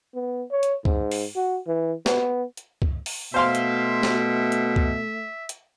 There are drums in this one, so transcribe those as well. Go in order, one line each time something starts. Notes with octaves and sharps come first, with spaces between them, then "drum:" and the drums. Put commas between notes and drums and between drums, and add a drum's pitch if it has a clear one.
B3
C#5
drum: hi-hat
G#2, drum: kick C#2
drum: open hi-hat
F#4
E3
B3, drum: snare
drum: hi-hat
drum: kick C#2
drum: open hi-hat
B2 A3 C5 E5 F5 C6
drum: hi-hat
drum: snare
drum: hi-hat
drum: kick C#2
drum: hi-hat